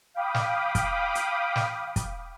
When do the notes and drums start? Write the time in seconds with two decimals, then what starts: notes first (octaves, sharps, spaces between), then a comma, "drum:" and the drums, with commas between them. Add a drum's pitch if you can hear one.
0.14 F5 G5 B5 D6 D#6
0.34 drum: snare
0.75 drum: kick, hi-hat
1.15 drum: hi-hat
1.56 drum: snare
1.96 drum: kick, hi-hat